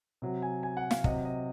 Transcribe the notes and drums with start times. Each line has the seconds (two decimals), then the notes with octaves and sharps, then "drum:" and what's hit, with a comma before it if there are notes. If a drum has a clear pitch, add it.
0.22 C3 F#3
0.42 G#5
0.63 G#5
0.77 F#5
0.91 F5, drum: snare
1.04 C3 F#3 D#5, drum: kick
1.25 D#5